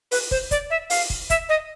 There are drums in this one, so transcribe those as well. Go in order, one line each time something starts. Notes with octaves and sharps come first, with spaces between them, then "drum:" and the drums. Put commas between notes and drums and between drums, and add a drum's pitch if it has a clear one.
B4, drum: open hi-hat
C5, drum: kick
D5, drum: kick, hi-hat
E5
F5, drum: open hi-hat
drum: kick
E5, drum: kick, hi-hat
D#5